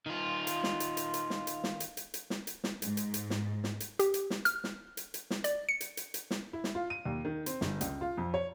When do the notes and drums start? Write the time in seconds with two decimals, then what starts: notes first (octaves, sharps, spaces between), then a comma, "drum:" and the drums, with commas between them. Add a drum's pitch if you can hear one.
0.06 D#3 F4
0.47 drum: hi-hat
0.64 drum: snare
0.80 drum: hi-hat
0.97 drum: hi-hat
1.14 drum: hi-hat
1.30 drum: snare
1.47 drum: hi-hat
1.64 drum: snare
1.80 drum: hi-hat
1.97 drum: hi-hat
2.14 drum: hi-hat
2.30 drum: snare
2.47 drum: hi-hat
2.64 drum: snare
2.82 G#2, drum: hi-hat
2.97 drum: hi-hat
3.14 drum: hi-hat
3.30 drum: snare
3.64 drum: snare
3.80 drum: hi-hat
3.99 G4, drum: hi-hat
4.14 drum: hi-hat
4.30 drum: snare
4.45 F6, drum: hi-hat
4.64 drum: snare
4.97 drum: hi-hat
5.14 drum: hi-hat
5.30 drum: snare
5.44 D5, drum: hi-hat
5.69 C#7
5.81 drum: hi-hat
5.97 drum: hi-hat
6.14 drum: hi-hat
6.31 drum: snare
6.53 E4
6.64 drum: snare
6.75 F4
6.90 D#7
7.05 D#2
7.25 D#3
7.46 C4, drum: hi-hat
7.61 G1, drum: snare
7.81 C#2, drum: hi-hat
8.01 F4
8.17 F2
8.34 C#5